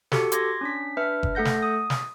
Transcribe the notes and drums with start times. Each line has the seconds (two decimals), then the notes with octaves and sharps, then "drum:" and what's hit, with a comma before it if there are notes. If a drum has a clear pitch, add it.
0.12 F#4 G4 A4, drum: snare
0.32 C6 D6 G#6 A#6, drum: hi-hat
0.61 C#4 D4 B6
0.97 D4 B4 E5 F6
1.23 drum: kick F#1
1.35 A3 A4 F#5 G6 A#6
1.45 drum: snare
1.62 D#6
1.90 drum: snare